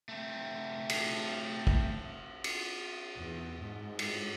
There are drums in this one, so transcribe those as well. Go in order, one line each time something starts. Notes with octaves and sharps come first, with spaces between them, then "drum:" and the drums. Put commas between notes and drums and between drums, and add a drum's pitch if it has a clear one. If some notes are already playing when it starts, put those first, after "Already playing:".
A3 C4
drum: cymbal
drum: kick
drum: cymbal
E2
G#2
drum: cymbal